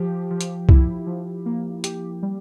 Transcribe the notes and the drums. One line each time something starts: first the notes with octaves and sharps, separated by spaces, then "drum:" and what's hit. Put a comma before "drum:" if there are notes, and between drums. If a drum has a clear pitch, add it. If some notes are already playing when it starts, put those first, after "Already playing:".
Already playing: F3 G4
F3
drum: hi-hat
E4, drum: kick C2
F3
A#3
G4, drum: hi-hat
G3